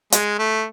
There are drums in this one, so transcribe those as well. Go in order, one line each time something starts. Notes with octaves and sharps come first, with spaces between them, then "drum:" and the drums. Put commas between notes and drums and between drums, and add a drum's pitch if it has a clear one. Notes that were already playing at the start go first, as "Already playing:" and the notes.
G#3, drum: hi-hat
A3